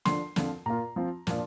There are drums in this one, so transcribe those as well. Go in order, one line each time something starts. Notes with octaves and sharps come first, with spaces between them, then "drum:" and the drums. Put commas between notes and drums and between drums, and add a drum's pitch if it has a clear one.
D3 F3 D4 C6, drum: snare
D3 F3 C4 F4, drum: snare
A#2 A#3 F4 A#5
F3 C4 F4
A#2 F3 D4 F4, drum: snare